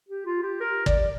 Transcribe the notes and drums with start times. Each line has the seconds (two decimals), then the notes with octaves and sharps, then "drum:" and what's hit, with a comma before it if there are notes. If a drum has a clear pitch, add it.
0.08 G4
0.26 F4
0.43 G4
0.60 A#4
0.86 D5, drum: kick